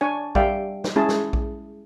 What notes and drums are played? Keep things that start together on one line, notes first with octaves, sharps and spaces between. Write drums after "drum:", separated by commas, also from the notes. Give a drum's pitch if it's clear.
D4 C#5 G#5
G3 D5 E5 F5 G5, drum: kick A#1
drum: snare
G#3 C#4 E4 G#4 A5
drum: snare
drum: kick A#1